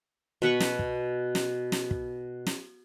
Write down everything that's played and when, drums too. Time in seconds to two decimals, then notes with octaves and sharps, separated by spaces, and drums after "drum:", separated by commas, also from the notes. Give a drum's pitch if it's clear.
0.42 B2 B4 F#5 C#6
0.60 drum: snare
0.79 drum: kick
1.35 drum: snare
1.72 drum: snare
1.91 drum: kick
2.46 drum: snare